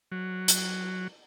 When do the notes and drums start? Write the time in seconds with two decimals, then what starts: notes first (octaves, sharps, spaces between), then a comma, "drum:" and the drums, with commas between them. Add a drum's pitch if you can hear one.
0.12 F#3
0.48 drum: hi-hat